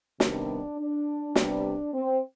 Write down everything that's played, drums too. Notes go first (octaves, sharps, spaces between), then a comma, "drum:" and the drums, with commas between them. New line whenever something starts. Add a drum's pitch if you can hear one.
C3 D#3 G3 B3 D4, drum: snare
D4
C3 G3 B3 D4, drum: snare
C4